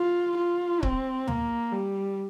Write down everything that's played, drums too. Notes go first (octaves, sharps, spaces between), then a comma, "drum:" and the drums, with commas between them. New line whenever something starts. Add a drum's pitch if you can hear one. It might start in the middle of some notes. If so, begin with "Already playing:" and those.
Already playing: F4
F4
C4, drum: kick C#1
A#3, drum: tom D2
G3